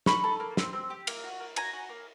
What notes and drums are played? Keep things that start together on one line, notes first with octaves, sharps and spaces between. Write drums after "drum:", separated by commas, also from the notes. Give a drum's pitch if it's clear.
D#4 B5 C#6, drum: snare
A4
A#3
C4, drum: snare
C4
G4
A#3, drum: cymbal
F#4
A#3
F#4 G#5 A#5, drum: cymbal
F#4
A#3